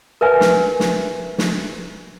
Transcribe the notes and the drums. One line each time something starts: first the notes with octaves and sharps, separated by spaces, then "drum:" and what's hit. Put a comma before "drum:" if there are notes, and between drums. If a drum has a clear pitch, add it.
A#4 B4 E5 G#5
drum: snare
drum: snare
drum: snare